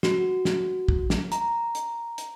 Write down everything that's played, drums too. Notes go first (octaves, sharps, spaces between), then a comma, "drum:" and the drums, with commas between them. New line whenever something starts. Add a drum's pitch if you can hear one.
F#4, drum: snare
drum: snare
drum: kick
drum: snare
A#5, drum: hi-hat
drum: hi-hat
drum: hi-hat